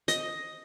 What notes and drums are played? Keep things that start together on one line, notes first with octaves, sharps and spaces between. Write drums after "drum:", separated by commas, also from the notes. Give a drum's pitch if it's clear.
D#5, drum: hi-hat